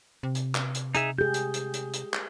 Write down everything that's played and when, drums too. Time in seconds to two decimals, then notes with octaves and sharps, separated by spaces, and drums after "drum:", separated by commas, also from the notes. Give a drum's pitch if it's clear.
0.23 C3
0.35 drum: hi-hat
0.55 drum: clap
0.75 drum: hi-hat
0.95 D#4 G#4 E5, drum: hi-hat
1.18 G4 G#4 G6
1.34 drum: hi-hat
1.54 drum: hi-hat
1.74 drum: hi-hat
1.94 drum: hi-hat
2.13 drum: clap